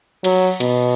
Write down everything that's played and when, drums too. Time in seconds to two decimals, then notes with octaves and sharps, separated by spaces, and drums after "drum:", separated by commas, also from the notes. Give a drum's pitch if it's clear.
0.24 F#3, drum: cymbal
0.60 B2, drum: cymbal